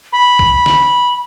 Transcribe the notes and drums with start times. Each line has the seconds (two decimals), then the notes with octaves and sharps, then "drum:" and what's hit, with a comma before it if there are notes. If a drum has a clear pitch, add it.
0.13 B5
0.39 drum: kick A#1
0.66 drum: snare